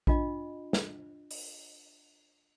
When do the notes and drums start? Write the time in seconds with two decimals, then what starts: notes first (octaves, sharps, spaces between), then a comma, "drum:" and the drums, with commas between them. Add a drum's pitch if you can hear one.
0.07 D4 F4 D#5, drum: kick A#1
0.73 drum: snare
1.31 drum: open hi-hat